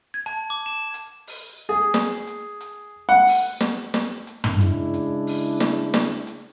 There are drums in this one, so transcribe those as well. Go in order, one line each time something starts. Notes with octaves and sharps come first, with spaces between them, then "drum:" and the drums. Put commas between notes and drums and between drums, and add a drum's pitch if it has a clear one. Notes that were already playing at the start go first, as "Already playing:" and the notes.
G#6
A5
D6
E7
drum: hi-hat
drum: open hi-hat
G#4
drum: snare
drum: hi-hat
drum: hi-hat
F#5
drum: open hi-hat
drum: snare
drum: snare
drum: hi-hat
drum: tom
C#3 G#3 D4 E4, drum: hi-hat
drum: hi-hat
drum: open hi-hat
drum: snare
drum: snare
drum: hi-hat